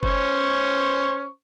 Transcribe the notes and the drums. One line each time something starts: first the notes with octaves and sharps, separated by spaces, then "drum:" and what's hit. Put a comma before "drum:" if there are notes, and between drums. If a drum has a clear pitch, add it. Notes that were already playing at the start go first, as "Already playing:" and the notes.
C#4 C5 C#6, drum: kick F#1